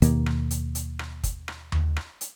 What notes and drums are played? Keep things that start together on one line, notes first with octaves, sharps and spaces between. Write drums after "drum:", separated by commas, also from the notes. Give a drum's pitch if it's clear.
D#2 B2 D#3 A#3, drum: hi-hat
drum: rim click
drum: hi-hat
drum: hi-hat
drum: rim click
drum: kick, hi-hat
drum: rim click
drum: tom D#2
drum: rim click
drum: hi-hat